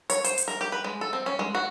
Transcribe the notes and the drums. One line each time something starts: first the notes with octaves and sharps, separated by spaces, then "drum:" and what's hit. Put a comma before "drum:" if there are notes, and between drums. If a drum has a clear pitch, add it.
C#5, drum: hi-hat
C5, drum: hi-hat
drum: hi-hat
A#4
G4
B4
G#3
A4
C4
C#4
G#3
F#4